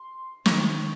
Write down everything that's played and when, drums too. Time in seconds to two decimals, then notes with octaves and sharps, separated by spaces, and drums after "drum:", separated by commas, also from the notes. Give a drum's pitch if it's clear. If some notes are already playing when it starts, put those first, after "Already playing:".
Already playing: C6
0.46 D#3 C#6, drum: snare